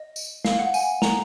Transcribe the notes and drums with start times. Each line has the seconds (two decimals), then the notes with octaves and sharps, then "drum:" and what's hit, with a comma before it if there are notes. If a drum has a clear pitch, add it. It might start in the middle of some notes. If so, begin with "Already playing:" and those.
Already playing: D#5
0.16 drum: tambourine
0.45 F5, drum: snare
0.59 F#5
0.74 G#5, drum: tambourine
1.02 A#5, drum: snare